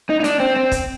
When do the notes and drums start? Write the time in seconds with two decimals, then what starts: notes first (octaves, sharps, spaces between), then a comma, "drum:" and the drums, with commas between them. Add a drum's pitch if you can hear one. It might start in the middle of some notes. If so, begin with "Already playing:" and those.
0.09 D#4
0.20 D#4
0.24 D4, drum: snare
0.40 C4
0.56 C4
0.72 drum: kick, hi-hat